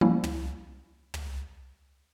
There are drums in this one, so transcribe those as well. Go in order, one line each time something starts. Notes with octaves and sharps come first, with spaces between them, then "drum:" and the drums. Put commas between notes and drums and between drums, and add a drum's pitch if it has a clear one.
F3 G3 A#3 C#4 E4
drum: tom
drum: tom